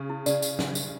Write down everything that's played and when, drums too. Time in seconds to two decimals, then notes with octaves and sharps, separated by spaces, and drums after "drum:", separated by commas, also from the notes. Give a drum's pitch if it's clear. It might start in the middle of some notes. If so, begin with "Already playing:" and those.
Already playing: C#3
0.10 E4
0.26 C#3 D5, drum: tambourine
0.42 drum: tambourine
0.59 drum: snare
0.75 drum: tambourine